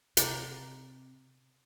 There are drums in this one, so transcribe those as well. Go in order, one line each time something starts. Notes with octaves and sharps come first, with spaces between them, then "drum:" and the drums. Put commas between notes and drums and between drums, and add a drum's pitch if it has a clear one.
C3 A#5 D6 A6, drum: hi-hat